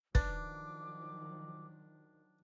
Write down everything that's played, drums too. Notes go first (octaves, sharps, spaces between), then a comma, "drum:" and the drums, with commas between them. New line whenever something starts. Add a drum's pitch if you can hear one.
D#3 F3 F#3 D4 B4 D6, drum: kick